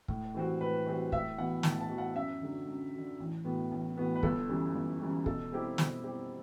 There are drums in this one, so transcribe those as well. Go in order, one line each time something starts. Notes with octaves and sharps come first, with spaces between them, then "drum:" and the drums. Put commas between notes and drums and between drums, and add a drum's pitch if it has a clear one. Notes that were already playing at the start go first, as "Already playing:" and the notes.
A2, drum: kick
E3 G3 C4 F#4
A2 B4
E3 G3 C4 F#4
A2 E5, drum: kick
E3 B3 F#4 F#5
A2 A5, drum: snare
A5
E3 B3 F#4
F#5
F#2 E5
D3 F#3
F#2
F#3
D3
A1
A2 E3 B3 F#4
A1
A2 E3 B3 F#4
B4
G1 A4, drum: kick
F#2 E3 G3
G1
F#2 E3 G3
B2 A4, drum: kick
G3 C4 E4 G4
B2, drum: snare
G3 C4 E4 G4